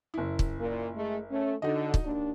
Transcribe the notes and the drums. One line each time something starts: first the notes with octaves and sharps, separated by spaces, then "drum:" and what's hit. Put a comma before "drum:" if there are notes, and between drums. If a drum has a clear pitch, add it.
F#1 E4
drum: kick
A#2
G#3 A3
A3 C#4
D3 D#4 F#4 D#5
drum: kick
D#2 D4